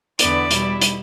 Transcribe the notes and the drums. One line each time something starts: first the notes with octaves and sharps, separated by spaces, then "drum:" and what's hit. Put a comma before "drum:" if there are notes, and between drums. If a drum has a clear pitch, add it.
E2 D3 B3 E4 D5, drum: hi-hat
B2 G3 E4, drum: hi-hat
drum: hi-hat